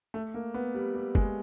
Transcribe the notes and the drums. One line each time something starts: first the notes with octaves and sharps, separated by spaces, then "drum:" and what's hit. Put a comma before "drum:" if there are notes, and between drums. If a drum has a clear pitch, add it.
A3
A#3
B3
G3
G3
G#3, drum: kick